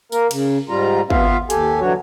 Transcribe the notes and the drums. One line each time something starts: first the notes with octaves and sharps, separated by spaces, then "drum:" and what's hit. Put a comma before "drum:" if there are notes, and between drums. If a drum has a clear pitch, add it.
A#3 A#4, drum: tambourine
C#3, drum: cymbal
G#2 G3 F4 A#5
B3 F4 E5 F5, drum: kick
D#2 G4 A4 G#5, drum: hi-hat
D3 E3 F#3 F#4 C#5